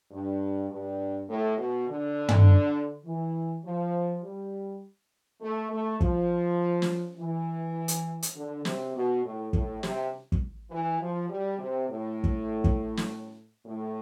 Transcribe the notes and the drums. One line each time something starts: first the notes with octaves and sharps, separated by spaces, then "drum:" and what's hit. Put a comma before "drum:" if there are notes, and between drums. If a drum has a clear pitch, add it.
G2
G2
A2
B2
D3
drum: tom
E3
F3
G3
A3
A3
F3, drum: kick
drum: snare
E3
drum: hi-hat
drum: hi-hat
D3
C3, drum: snare
B2
A2
A2, drum: kick
C3, drum: snare
drum: kick
E3
F3
G3
C3
A2
drum: kick
drum: kick
drum: snare
A2